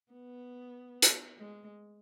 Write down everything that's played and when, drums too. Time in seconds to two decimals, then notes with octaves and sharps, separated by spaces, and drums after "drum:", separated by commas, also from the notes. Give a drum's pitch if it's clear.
0.12 B3
1.02 drum: hi-hat
1.38 G#3